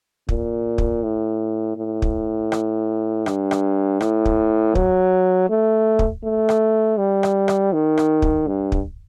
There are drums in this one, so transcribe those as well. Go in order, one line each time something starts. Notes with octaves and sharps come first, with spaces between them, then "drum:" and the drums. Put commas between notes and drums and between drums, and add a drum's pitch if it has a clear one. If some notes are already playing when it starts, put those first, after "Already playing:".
A#2, drum: kick
drum: kick
A2
A2
drum: kick
drum: rim click
G2, drum: rim click
drum: rim click
A2, drum: rim click
drum: kick
F#3, drum: kick
A3
drum: kick
A3
drum: rim click
G3
drum: rim click
drum: rim click
D#3
drum: rim click
drum: kick
G2
drum: kick